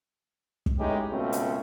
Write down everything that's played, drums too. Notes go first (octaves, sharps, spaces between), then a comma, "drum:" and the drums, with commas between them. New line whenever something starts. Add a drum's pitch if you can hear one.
drum: kick
B1 A2 G#3 C#4 D#4 G4
C#2 F#2 B2 A3 C4 C#4
drum: hi-hat